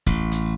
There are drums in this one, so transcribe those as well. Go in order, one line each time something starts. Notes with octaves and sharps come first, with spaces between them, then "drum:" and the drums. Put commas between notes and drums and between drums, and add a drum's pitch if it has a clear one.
A1, drum: kick
drum: hi-hat